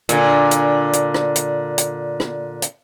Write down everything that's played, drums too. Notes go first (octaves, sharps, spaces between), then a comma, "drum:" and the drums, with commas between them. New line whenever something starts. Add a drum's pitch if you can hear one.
A#2 D3, drum: hi-hat
drum: hi-hat
drum: hi-hat
drum: rim click
drum: hi-hat
drum: hi-hat
drum: rim click
drum: hi-hat